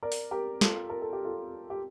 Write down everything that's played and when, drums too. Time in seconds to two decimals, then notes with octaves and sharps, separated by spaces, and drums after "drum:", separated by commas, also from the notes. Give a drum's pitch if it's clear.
0.03 A#4 D5
0.12 drum: open hi-hat
0.31 G4 A#4
0.61 F4 A4, drum: snare
0.90 A#4
1.01 A4
1.13 G4
1.24 F4 A4
1.70 G4